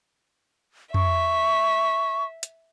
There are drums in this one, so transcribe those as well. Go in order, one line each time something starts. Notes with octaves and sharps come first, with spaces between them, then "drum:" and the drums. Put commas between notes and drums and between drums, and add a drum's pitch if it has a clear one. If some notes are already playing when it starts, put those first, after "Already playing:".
E5 C#6, drum: tom F2
drum: hi-hat